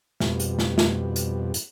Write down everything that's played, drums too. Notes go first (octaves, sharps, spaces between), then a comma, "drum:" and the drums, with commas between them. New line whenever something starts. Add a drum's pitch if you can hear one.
F2 B2 G3, drum: snare
drum: hi-hat
drum: snare
drum: snare
drum: hi-hat
drum: hi-hat